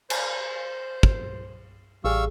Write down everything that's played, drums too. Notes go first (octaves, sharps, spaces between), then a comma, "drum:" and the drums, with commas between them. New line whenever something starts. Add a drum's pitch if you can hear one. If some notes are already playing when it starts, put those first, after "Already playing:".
C5, drum: cymbal
drum: kick
A1 G3 G#4 F5 C#6 E6